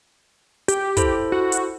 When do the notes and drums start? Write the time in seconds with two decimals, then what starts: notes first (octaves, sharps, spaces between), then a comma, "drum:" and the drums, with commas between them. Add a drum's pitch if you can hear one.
0.68 G4, drum: hi-hat
0.97 E4 A4 C5, drum: kick, hi-hat
1.32 F#4
1.52 drum: hi-hat